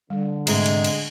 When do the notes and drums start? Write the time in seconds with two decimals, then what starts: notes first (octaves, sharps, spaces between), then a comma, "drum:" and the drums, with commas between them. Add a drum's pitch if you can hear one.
0.10 D3 G3
0.47 G#2 C3 G#3 A3, drum: cymbal
0.66 drum: cymbal
0.84 drum: cymbal